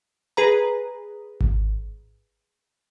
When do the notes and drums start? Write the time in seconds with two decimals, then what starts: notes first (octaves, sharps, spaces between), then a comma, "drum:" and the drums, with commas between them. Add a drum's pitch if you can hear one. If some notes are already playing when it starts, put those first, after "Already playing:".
0.37 G#4 B4 A#5
1.41 drum: kick G#1